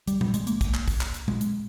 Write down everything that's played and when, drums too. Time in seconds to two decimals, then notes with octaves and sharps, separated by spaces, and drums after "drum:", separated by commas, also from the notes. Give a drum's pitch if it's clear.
0.08 G3, drum: hi-hat
0.21 G3, drum: tom A#2
0.34 G#3, drum: hi-hat
0.47 A#3, drum: hi-hat
0.61 drum: kick, hi-hat
0.74 drum: clap
0.88 drum: kick, open hi-hat
1.01 drum: clap
1.14 drum: hi-hat
1.28 G#3, drum: tom A#2
1.41 drum: hi-hat